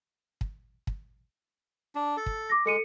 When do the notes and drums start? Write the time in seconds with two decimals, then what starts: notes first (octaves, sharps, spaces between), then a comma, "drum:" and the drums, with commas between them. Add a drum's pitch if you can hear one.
0.41 drum: kick
0.87 drum: kick
1.95 D4
2.17 A4
2.26 drum: kick
2.50 D6 A#6
2.66 G#3 A4 C#7 D#7